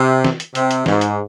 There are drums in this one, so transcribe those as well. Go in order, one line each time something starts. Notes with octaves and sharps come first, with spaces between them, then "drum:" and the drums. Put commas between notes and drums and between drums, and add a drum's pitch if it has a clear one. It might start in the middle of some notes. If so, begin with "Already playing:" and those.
Already playing: C3
drum: snare
drum: hi-hat
C3, drum: hi-hat
drum: hi-hat
G#2, drum: snare
drum: hi-hat